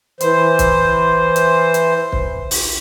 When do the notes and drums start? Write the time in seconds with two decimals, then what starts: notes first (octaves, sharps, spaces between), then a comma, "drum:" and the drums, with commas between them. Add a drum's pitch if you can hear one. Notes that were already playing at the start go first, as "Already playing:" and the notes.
0.20 E3 C5, drum: hi-hat
0.59 drum: kick, hi-hat
1.36 drum: hi-hat
1.74 drum: hi-hat
2.12 drum: kick
2.51 drum: open hi-hat